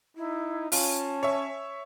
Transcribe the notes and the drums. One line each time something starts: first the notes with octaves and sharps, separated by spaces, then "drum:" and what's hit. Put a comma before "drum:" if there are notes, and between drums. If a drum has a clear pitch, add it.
D#4 E4
C#4 F4 A5, drum: open hi-hat
C#5 E5